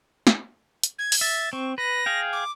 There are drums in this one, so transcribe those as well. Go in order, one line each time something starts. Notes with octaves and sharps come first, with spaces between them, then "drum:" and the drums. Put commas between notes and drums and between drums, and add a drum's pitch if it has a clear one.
drum: snare
drum: hi-hat
G#6
drum: open hi-hat
E5 A6
C4 C#6
B4 A#6
G#4 F5 G5
D6